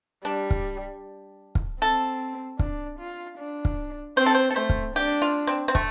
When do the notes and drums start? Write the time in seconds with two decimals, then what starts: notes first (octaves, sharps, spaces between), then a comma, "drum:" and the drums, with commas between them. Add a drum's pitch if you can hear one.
0.24 G3 D4
0.50 drum: kick
1.55 drum: kick
1.82 C4 A4
2.59 D4, drum: kick
2.99 F4
3.38 D4
3.65 drum: kick
4.17 C4 C5
4.26 A4
4.35 C5
4.50 A4
4.56 A3 C5
4.69 drum: kick
4.96 D4 G4
5.22 F4
5.47 C4
5.68 C4
5.75 A3, drum: kick